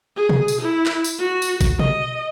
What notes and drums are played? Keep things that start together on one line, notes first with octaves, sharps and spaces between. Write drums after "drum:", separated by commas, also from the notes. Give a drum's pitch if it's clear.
G#4
drum: tom B2
drum: tambourine
E4
drum: clap
drum: tambourine
F#4
drum: tambourine
drum: kick G#1, tambourine
D#5, drum: tom B2